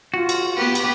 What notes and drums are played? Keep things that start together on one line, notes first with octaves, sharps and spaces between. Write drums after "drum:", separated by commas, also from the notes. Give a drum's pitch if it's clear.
F4 F#4
drum: cymbal
B3 G4 B4
drum: cymbal